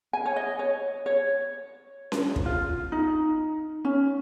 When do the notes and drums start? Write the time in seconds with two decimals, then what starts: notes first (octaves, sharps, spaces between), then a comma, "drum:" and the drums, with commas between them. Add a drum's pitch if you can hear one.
0.13 G#5
0.26 C#5
0.36 D#5
0.59 C#5
1.06 C#5
2.12 drum: snare C#4
2.36 drum: kick
2.46 F4
2.92 D#4
3.85 C#4